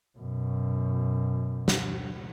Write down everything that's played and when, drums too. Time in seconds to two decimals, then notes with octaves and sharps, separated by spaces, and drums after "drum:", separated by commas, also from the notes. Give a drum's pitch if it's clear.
0.18 F#2 B2
1.68 drum: snare